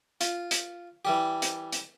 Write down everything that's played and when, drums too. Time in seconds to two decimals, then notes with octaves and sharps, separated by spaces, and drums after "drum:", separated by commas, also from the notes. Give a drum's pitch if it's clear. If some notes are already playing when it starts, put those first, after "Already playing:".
0.21 F4, drum: hi-hat
0.51 drum: hi-hat
1.05 E3 G3 G4
1.42 drum: hi-hat
1.72 drum: hi-hat